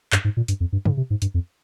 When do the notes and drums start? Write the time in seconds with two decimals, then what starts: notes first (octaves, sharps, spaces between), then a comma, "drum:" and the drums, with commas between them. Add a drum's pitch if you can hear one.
0.12 G2, drum: clap
0.24 G#2
0.37 A#2
0.48 G2, drum: hi-hat
0.60 F2
0.73 G2
0.85 G#2, drum: tom C3
0.97 C3
1.10 G#2
1.22 G2, drum: hi-hat
1.34 F2